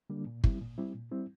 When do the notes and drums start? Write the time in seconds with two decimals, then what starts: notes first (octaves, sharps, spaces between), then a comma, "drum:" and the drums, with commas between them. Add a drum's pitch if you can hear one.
0.10 D3 G3 A#3 D4
0.27 A#2
0.44 G3 C4 E4, drum: kick
0.61 A#2
0.78 G3 C4 E4
0.95 A#2
1.11 G3 C4 E4